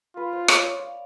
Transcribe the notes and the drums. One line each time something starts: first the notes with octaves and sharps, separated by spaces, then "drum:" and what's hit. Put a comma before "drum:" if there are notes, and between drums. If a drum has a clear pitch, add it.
F4 B4
C5
C#5, drum: rim click
D5
F5